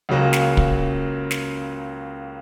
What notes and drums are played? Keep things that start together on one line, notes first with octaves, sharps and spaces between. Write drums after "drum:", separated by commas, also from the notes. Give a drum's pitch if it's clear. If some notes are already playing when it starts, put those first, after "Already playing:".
C#2 C#3 F#3 A#3
drum: snare
drum: kick
drum: snare